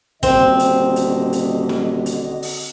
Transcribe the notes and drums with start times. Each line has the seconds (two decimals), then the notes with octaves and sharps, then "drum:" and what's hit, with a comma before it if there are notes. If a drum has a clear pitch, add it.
0.23 D#1 D3 C4 F#4 D#5, drum: kick, hi-hat
0.59 drum: hi-hat
0.96 drum: hi-hat
1.33 drum: hi-hat
1.69 drum: snare
2.06 drum: hi-hat
2.42 drum: open hi-hat